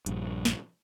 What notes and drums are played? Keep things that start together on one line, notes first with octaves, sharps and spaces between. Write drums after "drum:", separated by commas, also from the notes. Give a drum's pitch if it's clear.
A#1 G2, drum: hi-hat
drum: snare